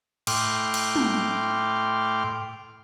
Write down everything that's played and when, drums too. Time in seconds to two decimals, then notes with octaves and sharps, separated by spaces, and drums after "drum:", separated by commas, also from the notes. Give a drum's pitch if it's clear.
0.27 A2 G5 C6 D6 F6, drum: cymbal
0.74 drum: cymbal
0.96 drum: tom